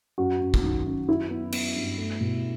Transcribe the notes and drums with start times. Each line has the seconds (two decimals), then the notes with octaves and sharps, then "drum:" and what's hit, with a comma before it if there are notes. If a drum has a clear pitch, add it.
0.18 F#2 F#4
0.40 F#2
0.54 drum: kick
0.63 D#3
0.86 F#2
1.08 F#3 E4
1.30 B3
1.52 B3, drum: cymbal
1.76 G2
1.98 A3
2.21 B2